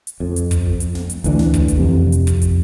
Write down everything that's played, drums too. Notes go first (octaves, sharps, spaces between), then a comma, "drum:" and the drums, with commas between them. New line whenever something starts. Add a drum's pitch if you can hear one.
drum: hi-hat
F2
drum: hi-hat
drum: kick, hi-hat
drum: hi-hat
drum: snare
drum: hi-hat
D2 E3 D4, drum: hi-hat
drum: snare
drum: kick, hi-hat
drum: hi-hat
F2 C3
drum: hi-hat
drum: kick, hi-hat
drum: hi-hat